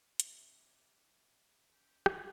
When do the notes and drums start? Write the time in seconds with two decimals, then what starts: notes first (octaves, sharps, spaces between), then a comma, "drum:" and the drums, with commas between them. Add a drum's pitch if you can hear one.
0.20 C3 D#4 G4 C#5, drum: hi-hat
1.73 C#4 G4
2.06 drum: rim click